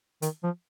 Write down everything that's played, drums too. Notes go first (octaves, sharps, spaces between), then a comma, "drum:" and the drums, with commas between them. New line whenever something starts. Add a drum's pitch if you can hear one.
D#3, drum: hi-hat
F3